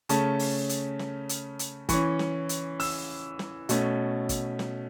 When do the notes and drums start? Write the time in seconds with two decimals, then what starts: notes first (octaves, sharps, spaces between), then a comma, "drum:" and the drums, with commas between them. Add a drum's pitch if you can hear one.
0.09 C#3 A3 C#4 A5, drum: hi-hat
0.39 drum: open hi-hat
0.69 drum: hi-hat
0.99 drum: snare
1.29 drum: hi-hat
1.59 drum: hi-hat
1.89 E3 C#4 C#6, drum: kick, hi-hat
2.19 drum: snare
2.49 drum: hi-hat
2.80 E6, drum: open hi-hat
3.39 drum: snare
3.69 B2 A3 C#4, drum: hi-hat
4.29 drum: kick, hi-hat
4.59 drum: snare